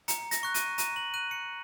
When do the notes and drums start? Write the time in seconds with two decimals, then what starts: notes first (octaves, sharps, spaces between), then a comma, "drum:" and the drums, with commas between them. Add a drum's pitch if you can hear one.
0.08 A#5 C#7, drum: hi-hat
0.31 A#6, drum: hi-hat
0.43 C#6 F#6
0.54 D#7, drum: hi-hat
0.78 A#5 D#7, drum: hi-hat
0.96 F#7
1.14 F#6 D#7
1.31 C#7